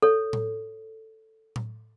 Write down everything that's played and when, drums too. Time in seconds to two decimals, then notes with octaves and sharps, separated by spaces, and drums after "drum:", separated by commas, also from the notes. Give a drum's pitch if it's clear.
0.02 A4 C#5
0.33 drum: tom A2
1.56 drum: tom A2